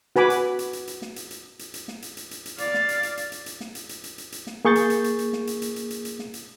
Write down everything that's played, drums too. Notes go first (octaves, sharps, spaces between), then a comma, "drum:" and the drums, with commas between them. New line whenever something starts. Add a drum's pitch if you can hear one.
F#4 B4 G#5 B5 D6, drum: snare
drum: hi-hat
drum: hi-hat
drum: hi-hat
drum: hi-hat
drum: snare
drum: hi-hat
drum: hi-hat
drum: hi-hat
drum: hi-hat
drum: snare
drum: hi-hat
drum: hi-hat
drum: hi-hat
drum: hi-hat
D5 F5, drum: hi-hat
drum: snare
drum: hi-hat
drum: hi-hat
drum: hi-hat
drum: hi-hat
drum: hi-hat
drum: snare
drum: hi-hat
drum: hi-hat
drum: hi-hat
drum: hi-hat
drum: hi-hat
drum: snare
A#3 G#4 C#6 G6 A6
drum: hi-hat
drum: hi-hat
drum: hi-hat
drum: hi-hat
drum: snare
drum: hi-hat
drum: hi-hat
drum: hi-hat
drum: hi-hat
drum: hi-hat
drum: snare
drum: hi-hat